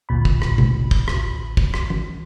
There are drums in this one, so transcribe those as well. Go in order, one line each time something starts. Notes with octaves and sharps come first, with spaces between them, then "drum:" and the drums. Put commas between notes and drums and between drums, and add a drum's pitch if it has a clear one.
A1 D2 A#2 B5
drum: kick
drum: rim click
drum: tom
drum: kick
drum: rim click
drum: kick
drum: rim click
drum: tom